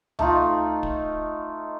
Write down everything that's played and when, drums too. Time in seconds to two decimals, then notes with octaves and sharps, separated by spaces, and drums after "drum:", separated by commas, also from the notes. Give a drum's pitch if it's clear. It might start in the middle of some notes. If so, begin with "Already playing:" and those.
0.19 A3 D#4 F4, drum: tom C#2
0.83 drum: kick